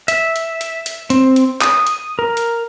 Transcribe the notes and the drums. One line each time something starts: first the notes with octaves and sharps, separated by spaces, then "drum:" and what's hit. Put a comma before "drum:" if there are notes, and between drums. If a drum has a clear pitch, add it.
E5, drum: hi-hat
drum: hi-hat
drum: hi-hat
drum: hi-hat
C4, drum: hi-hat
drum: hi-hat
D#6, drum: clap
drum: hi-hat
A#4
drum: hi-hat